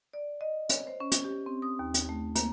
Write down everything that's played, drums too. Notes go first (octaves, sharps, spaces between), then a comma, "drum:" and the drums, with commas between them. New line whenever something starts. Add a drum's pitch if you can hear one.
D5
D#5
C#5, drum: hi-hat
C5
C#4
drum: hi-hat
G4
C4
D#6
D#2
drum: hi-hat
A3
A#3, drum: hi-hat